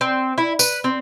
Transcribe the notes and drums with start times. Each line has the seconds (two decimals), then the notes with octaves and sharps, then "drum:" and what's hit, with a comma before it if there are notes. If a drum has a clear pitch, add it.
0.01 C4
0.38 E4
0.59 B4, drum: tambourine
0.84 C4